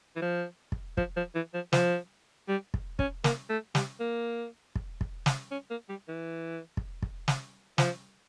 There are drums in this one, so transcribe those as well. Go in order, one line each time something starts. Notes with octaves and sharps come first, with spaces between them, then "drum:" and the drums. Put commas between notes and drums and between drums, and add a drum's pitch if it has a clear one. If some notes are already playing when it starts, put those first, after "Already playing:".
E3
F3
drum: kick
F3, drum: kick
F3
E3
F3
F3, drum: snare
G3
drum: kick
C#4, drum: kick
A#3, drum: snare
A3
G3, drum: snare
A#3
drum: kick
drum: kick
drum: snare
C#4
A#3
G3
E3
drum: kick
drum: kick
drum: snare
F3, drum: snare